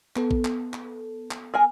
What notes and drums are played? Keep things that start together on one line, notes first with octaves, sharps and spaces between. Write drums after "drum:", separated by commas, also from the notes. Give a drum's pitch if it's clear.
B3 A4, drum: clap
drum: kick A1
drum: clap
drum: clap
drum: clap
G#4 A#4 G#5